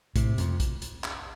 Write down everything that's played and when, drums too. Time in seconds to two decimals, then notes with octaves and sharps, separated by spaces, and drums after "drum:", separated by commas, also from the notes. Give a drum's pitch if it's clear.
0.16 A2 C3, drum: kick, hi-hat
0.38 F2, drum: hi-hat
0.60 drum: kick, hi-hat
0.82 drum: hi-hat
1.04 drum: clap